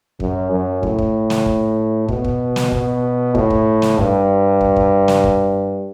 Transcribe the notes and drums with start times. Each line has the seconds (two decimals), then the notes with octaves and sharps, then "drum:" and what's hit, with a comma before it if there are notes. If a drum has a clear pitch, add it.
0.20 F#2, drum: kick
0.51 F#2
0.83 A2, drum: kick
0.99 drum: kick
1.30 drum: snare
1.46 drum: kick
2.08 B2, drum: kick
2.25 drum: kick
2.56 drum: snare
2.72 B2, drum: kick
3.35 A2, drum: kick
3.50 drum: kick
3.82 drum: snare
3.98 G2, drum: kick
4.61 drum: kick
4.76 drum: kick
5.08 drum: snare
5.24 drum: kick